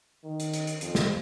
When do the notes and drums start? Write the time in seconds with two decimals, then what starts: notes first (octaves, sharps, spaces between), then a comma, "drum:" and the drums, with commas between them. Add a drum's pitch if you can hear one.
0.24 D#3
0.40 drum: hi-hat
0.53 drum: hi-hat
0.67 drum: hi-hat
0.81 F2, drum: hi-hat
0.95 drum: snare